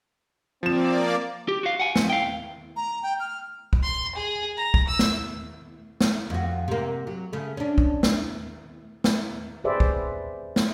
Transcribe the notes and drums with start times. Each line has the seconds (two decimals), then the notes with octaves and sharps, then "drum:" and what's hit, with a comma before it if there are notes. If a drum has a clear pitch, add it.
0.63 F3 A#3 C4 D5 E7
1.48 G4
1.63 F#4 F5
1.80 F#5 G#5
1.96 F2, drum: snare
2.10 F5 G5
2.76 A#5
3.03 G5
3.20 F6
3.73 drum: kick C2
3.83 C6
4.16 G#4
4.57 A#5
4.74 drum: kick C2
4.88 E6
4.99 drum: snare
6.01 drum: snare
6.30 F2 F#4
6.68 C3 A#3
7.07 F#3
7.33 C#3 A3
7.57 C#4 D4
7.78 drum: kick C2
8.03 drum: snare
9.04 drum: snare
9.64 G4 G#4 B4 C5 D5 E5
9.80 drum: kick C2
10.56 drum: snare